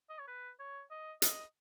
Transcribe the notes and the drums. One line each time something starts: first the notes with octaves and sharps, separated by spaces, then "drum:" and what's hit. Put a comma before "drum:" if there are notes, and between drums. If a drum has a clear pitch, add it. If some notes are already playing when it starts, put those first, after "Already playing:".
D#5
C#5
B4
C#5
D#5
D#5, drum: hi-hat